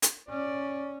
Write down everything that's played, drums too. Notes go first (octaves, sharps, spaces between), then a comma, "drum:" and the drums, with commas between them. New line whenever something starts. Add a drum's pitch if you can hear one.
drum: hi-hat
C#4 D5